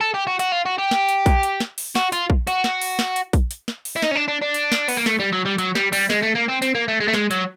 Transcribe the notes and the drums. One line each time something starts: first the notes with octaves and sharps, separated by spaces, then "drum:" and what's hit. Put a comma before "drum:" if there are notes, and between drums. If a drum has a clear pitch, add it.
A4
G4
F#4
F#4, drum: hi-hat
F4
F#4
G4
drum: snare
drum: hi-hat
drum: kick A#1, hi-hat
drum: hi-hat
drum: snare
drum: open hi-hat
F#4, drum: snare
F4, drum: hi-hat
drum: kick A#1
F#4, drum: hi-hat
drum: snare
drum: open hi-hat
drum: snare
drum: hi-hat
drum: kick A#1, hi-hat
drum: hi-hat
drum: snare
drum: open hi-hat
E4
D#4, drum: snare
C#4
D4
D4
D4
drum: hi-hat
drum: snare
B3, drum: open hi-hat
A#3
A3, drum: snare
G3
F#3
G3
F#3, drum: hi-hat
G3, drum: snare
G3, drum: open hi-hat
G#3, drum: snare
A3
A#3
C4
C4, drum: hi-hat
A#3
A3
G#3
A3
G#3, drum: snare
F#3, drum: hi-hat